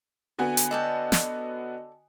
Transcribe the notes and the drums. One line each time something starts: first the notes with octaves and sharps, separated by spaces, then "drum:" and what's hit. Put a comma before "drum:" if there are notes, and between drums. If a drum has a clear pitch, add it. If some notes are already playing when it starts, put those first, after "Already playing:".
D3 B3 F#4 G#5
drum: hi-hat
A4 D5 D#5 G5
drum: snare